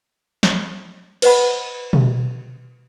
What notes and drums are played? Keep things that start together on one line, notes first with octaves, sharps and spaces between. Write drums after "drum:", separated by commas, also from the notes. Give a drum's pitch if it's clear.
drum: snare
B4 C5 D#5 F#5 B5, drum: cymbal
drum: tom B2